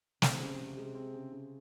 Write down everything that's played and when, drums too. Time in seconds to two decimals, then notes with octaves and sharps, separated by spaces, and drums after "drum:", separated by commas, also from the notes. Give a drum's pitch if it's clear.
0.22 C3 C4, drum: snare
0.40 C#3
0.59 C#3
0.77 G#3
0.95 C4
1.13 C#3
1.32 C#3